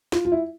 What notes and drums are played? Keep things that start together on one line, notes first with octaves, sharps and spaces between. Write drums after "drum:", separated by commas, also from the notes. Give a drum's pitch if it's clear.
F4, drum: snare
F4
E4